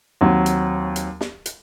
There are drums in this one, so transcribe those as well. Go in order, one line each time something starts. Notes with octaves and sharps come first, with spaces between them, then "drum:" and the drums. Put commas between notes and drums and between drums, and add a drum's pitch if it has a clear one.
D#2 F#3 C4
drum: hi-hat
drum: hi-hat
drum: snare
drum: hi-hat